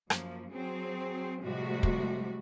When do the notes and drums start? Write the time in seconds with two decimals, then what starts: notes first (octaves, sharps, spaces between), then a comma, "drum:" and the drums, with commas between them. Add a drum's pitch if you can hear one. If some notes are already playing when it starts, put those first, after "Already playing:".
0.10 F#2 F3 A#3, drum: rim click
0.51 F#3 C4 G#4
1.43 A2 C3 F3 G3 G#3 F#4
1.83 drum: kick